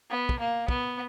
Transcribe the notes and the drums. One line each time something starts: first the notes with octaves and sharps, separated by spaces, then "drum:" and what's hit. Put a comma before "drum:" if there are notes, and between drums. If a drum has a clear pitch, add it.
B3
drum: kick
A#3
B3, drum: kick